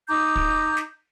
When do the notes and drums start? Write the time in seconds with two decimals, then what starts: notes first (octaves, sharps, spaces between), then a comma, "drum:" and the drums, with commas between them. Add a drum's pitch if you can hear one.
0.08 D#4 A#5 D6 G6
0.36 drum: kick
0.77 drum: snare